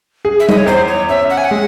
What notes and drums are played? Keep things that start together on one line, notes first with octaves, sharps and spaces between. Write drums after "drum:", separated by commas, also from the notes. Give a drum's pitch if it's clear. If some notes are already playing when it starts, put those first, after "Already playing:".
G#4
E5
D#5, drum: tom G3
C#5
E2 C5
C#5
C#4 E5
F#5
G#5
F#5
G#3